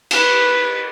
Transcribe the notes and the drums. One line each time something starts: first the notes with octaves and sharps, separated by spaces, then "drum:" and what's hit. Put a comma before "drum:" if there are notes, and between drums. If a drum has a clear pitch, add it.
B4, drum: cymbal